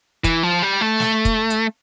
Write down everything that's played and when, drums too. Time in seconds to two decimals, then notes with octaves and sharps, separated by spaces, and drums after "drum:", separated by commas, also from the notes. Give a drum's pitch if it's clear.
0.24 E3, drum: kick, hi-hat
0.43 F3
0.63 G3
0.81 A3
1.00 drum: snare
1.25 drum: kick, hi-hat
1.50 drum: hi-hat